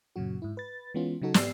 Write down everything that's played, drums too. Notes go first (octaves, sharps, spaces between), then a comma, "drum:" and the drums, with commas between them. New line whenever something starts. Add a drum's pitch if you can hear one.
F#2 A#2 C#3 F#3 F#4
G#2 E4
B4 A6
E3 G#3 B3 C#4 F4
C#3 F#3 D#4 F#4 A4
G#2 B3 G4 D5 E6 C7, drum: snare